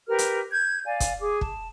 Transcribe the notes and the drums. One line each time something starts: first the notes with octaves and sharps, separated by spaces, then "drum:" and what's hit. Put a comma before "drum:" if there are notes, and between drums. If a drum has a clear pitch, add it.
G4 A#4 B4 F6
drum: hi-hat
G6 G#6
D5 F5 G#5
drum: kick, hi-hat
G#4 D6
A5, drum: kick